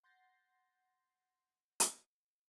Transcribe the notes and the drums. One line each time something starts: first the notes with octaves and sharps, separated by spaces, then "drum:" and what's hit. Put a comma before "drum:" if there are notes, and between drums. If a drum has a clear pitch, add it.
F#5 C6 G6 A6 A#6 C7
drum: hi-hat